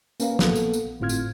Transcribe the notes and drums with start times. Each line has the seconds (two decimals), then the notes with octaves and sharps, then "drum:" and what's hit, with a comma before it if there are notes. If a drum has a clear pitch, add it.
0.20 A#3 C#4 A#4 B4 F5, drum: tambourine
0.39 A#1 A#3 B3 A4, drum: snare
0.56 drum: tambourine
0.73 drum: tambourine
1.00 G1 A2 C4 F4 F6 G#6
1.09 drum: tambourine